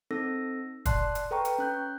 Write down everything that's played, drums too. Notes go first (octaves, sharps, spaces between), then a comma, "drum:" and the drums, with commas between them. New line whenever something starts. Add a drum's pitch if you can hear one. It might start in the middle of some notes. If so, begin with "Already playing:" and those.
C4 D#4 A4 E6 A#6
D5 A5 C6 F#6 C7, drum: kick, hi-hat
drum: hi-hat
A4 B4 G5 A#5 C#6
drum: hi-hat
C#4 F#6 G6